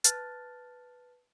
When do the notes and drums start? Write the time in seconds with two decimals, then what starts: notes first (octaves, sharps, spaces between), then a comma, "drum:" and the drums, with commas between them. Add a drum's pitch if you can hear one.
0.04 B4 A5 F6 F#6 A6, drum: hi-hat